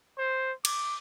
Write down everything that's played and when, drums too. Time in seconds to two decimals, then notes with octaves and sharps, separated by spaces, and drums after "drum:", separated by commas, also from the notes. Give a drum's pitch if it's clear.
0.18 C5
0.65 D6, drum: cymbal